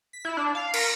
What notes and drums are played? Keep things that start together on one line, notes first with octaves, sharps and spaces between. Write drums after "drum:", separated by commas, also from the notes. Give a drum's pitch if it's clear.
B6
E4
D4
F5
A#4, drum: cymbal